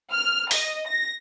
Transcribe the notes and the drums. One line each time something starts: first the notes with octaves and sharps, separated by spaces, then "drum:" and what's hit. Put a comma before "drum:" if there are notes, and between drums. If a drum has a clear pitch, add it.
F6
D#5, drum: open hi-hat
A#6